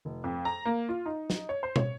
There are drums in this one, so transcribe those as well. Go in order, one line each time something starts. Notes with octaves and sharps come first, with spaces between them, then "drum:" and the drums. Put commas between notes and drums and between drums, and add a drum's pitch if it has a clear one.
F1
F2
A#5
A#3
F4
D#4
drum: snare
C#5
C5
C#5, drum: tom